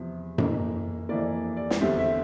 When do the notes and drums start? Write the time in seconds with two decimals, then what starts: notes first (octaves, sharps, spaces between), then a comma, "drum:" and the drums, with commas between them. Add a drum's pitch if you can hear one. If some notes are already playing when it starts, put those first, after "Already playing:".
Already playing: E2 C3 F3
0.38 F2 E3 A#3, drum: tom F#2
1.09 F2 E3 A#3 D5
1.57 D5
1.70 drum: snare
1.81 E2 D3 G3 C4 E5
1.99 E5